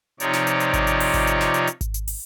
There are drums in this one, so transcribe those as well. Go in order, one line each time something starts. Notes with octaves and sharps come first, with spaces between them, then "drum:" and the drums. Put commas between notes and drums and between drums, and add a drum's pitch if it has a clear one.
C3 F3 D#4 C#5 D5, drum: hi-hat
drum: snare
drum: hi-hat
drum: hi-hat
drum: kick G#1, hi-hat
drum: hi-hat
drum: open hi-hat
drum: kick G#1, hi-hat
drum: hi-hat
drum: snare
drum: hi-hat
drum: hi-hat
drum: kick G#1, hi-hat
drum: hi-hat
drum: open hi-hat